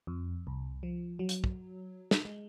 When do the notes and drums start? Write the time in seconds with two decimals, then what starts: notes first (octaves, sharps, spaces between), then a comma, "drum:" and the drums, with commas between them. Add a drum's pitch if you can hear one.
0.07 F2
0.47 C2
0.83 F3
1.19 F#3
1.29 drum: hi-hat
1.44 drum: kick
2.11 drum: snare
2.25 G#3